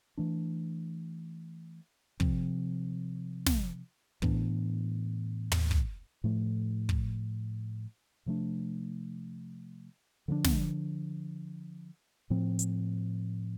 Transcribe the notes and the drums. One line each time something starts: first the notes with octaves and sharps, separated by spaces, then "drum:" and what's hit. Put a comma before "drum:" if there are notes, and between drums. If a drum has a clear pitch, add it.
E3 A3 D4
C3 F3 C4, drum: kick
drum: snare
A2 E3 B3 D4, drum: kick
drum: tom
drum: kick
A2 F3 A3
drum: kick
C3 F3 A3 D4
D3 F3 A3 D4
drum: snare
A2 F3 C4
drum: hi-hat